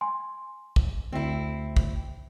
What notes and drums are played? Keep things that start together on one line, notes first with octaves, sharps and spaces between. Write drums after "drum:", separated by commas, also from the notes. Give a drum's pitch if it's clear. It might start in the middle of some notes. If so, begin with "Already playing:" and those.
G#5 C6
drum: kick
D2 C4 E4
drum: kick